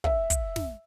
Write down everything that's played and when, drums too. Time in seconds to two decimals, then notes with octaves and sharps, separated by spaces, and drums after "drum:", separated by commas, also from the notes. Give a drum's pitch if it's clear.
0.04 E5, drum: kick
0.30 drum: kick, hi-hat
0.56 drum: snare